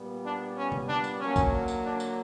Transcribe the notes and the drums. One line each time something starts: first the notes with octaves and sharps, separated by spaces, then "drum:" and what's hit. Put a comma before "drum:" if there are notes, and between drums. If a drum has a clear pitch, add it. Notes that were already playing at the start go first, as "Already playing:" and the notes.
Already playing: A#2 G3 B3
D4
C#4
drum: tom C3
D4
drum: tambourine
D3 F#3 A#3 C#4
drum: kick B1, tambourine
drum: tambourine
D4
drum: tambourine